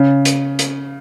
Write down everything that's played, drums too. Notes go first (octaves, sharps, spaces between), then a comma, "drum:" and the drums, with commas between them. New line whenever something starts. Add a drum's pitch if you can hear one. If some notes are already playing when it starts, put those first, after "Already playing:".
Already playing: C#3
drum: hi-hat
drum: hi-hat